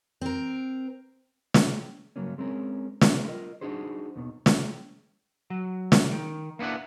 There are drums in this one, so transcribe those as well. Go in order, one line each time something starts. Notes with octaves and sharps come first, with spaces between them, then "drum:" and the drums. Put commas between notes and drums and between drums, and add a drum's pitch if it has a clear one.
C4 A#4
drum: snare
G2 C#3 F#3 A#3 C#4
G#3 C4 C#4 A#4
B3 D4, drum: snare
E4 F4 G4 A#4 D#5
D4 D#4 F#4 G#4 C5
D#2 B2 D#3
drum: snare
F#3
drum: snare
D#3
A#3 B3 D4 E4 F#5